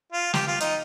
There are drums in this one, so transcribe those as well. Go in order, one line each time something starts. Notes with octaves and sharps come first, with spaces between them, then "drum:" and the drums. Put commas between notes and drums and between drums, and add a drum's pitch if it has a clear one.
F4
G4, drum: snare
F4
D#4, drum: hi-hat